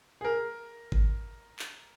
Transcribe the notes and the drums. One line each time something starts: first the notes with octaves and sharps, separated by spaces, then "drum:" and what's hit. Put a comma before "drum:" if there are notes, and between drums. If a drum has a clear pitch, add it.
G#4
A#4
drum: kick G1
drum: clap